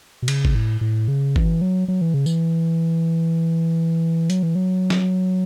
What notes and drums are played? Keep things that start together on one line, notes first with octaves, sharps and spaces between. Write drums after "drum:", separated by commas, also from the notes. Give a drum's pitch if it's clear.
B2
C#3, drum: cymbal
drum: kick G1
A2
A2
C#3
E3, drum: kick G1
F#3
F#3
E3
C#3
E3, drum: tambourine
F#3, drum: hi-hat
E3
F#3
drum: snare